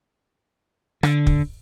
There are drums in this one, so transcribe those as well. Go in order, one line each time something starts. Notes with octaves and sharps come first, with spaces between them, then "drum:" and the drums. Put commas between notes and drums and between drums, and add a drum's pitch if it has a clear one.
D3, drum: rim click
drum: kick